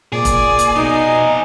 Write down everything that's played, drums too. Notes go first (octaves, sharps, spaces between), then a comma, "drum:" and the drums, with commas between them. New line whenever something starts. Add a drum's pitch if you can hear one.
A#2 G#4 D5
drum: kick E1, hi-hat
drum: hi-hat
F2 B2 D#4 G#5 C7